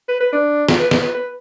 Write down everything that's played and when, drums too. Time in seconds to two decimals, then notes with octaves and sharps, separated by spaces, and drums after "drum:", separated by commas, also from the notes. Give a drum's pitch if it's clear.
0.09 B4
0.20 B4
0.33 D4
0.69 drum: snare
0.80 B4
0.91 B4, drum: snare
1.03 B4
1.15 B4